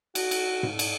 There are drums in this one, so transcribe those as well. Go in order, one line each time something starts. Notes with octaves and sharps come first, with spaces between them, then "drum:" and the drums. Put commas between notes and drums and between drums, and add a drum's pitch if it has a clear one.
F#4, drum: cymbal
drum: cymbal
drum: tom G#2
drum: cymbal